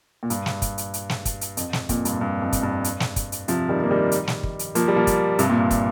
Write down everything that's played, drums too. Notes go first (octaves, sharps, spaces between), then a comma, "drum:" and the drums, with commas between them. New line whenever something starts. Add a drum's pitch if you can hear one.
A#2
G2, drum: hi-hat
drum: snare
drum: kick, hi-hat
drum: hi-hat
drum: hi-hat
drum: snare
drum: kick, hi-hat
drum: hi-hat
F2, drum: hi-hat
drum: snare
F2 A#2, drum: kick, hi-hat
G2, drum: hi-hat
G2
F2
drum: kick, hi-hat
G2
drum: hi-hat
drum: snare
drum: kick, hi-hat
drum: hi-hat
C3 F3, drum: hi-hat
D#3 G3
A#3
D#3 G3
drum: hi-hat
drum: snare
drum: kick
drum: hi-hat
F3 A#3, drum: hi-hat
G3
F3 A#3
drum: kick, hi-hat
G2 C3, drum: hi-hat
A#2
G2
drum: kick, hi-hat